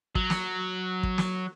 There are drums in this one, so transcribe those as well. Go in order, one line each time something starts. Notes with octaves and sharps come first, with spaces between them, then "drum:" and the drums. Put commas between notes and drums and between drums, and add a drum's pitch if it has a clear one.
F#3, drum: kick
drum: snare
drum: kick
drum: snare